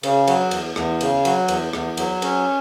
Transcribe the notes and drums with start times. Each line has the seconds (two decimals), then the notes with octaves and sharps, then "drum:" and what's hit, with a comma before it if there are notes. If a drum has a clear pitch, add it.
0.03 C#3, drum: cymbal
0.27 F#3, drum: cymbal
0.51 E2, drum: cymbal
0.76 E2, drum: rim click
1.01 C#3, drum: cymbal
1.25 F#3, drum: cymbal
1.48 E2, drum: cymbal
1.73 E2, drum: rim click
1.97 F#3, drum: cymbal
2.22 C#4, drum: cymbal